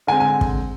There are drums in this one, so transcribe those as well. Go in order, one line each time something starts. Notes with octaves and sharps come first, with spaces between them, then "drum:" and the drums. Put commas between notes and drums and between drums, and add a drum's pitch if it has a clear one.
D3 G#3 C4 G#5
G#5
drum: kick